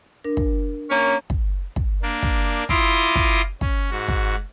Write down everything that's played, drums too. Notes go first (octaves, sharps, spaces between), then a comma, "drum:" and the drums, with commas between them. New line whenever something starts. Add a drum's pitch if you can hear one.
D4 A#4
drum: kick
A#3 C#4
drum: kick
drum: kick
A#3 D4
drum: kick
E4 F4 A#5 C6 D6 D#6, drum: kick
drum: kick
C#4, drum: kick
G#2 F#4
drum: kick